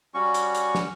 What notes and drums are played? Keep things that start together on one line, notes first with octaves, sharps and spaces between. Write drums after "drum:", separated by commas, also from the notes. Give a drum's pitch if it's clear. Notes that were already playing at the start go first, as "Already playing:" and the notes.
G3 C#4 F#4 C#6
drum: hi-hat
drum: hi-hat
drum: snare